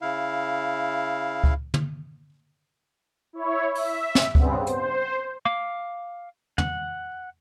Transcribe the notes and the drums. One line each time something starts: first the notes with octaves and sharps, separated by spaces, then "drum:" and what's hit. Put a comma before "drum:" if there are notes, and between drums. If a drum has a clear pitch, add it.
C#3 E4 F5
drum: kick C#2
drum: tom
E4 C#5
E5, drum: open hi-hat
drum: snare
G2 C#3 B3 C4, drum: kick C#2
C5, drum: hi-hat
F5 D6
F#5, drum: tom